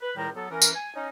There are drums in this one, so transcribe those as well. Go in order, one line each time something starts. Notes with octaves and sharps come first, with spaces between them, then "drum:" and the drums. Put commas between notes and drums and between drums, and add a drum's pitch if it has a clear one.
B4
C#2 A2 D#3 G3 G5 A#5
F#3 B3 A4
E3 C#4 A#4
drum: tambourine
G#5
C#4 D#4